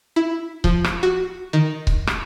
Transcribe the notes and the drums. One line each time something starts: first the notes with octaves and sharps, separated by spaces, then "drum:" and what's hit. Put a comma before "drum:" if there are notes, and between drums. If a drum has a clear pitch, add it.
E4
F3, drum: kick C#1
drum: rim click
F#4
D#3
drum: kick C#1
drum: rim click